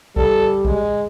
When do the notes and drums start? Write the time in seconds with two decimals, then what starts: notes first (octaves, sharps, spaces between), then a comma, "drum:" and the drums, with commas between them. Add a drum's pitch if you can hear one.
0.16 G3 A4, drum: kick A1
0.65 G#3, drum: kick A1